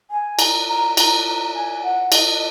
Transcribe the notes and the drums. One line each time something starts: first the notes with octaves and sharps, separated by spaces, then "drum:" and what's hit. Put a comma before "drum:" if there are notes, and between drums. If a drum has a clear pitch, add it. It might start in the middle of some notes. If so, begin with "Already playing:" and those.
G#5
A#5, drum: cymbal
A#5
A#5, drum: cymbal
A#5
G#5
F#5
D#5, drum: cymbal